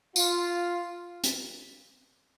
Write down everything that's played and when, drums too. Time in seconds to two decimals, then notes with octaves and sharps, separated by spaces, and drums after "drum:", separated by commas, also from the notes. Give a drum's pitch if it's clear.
0.16 F4, drum: tambourine
1.24 drum: hi-hat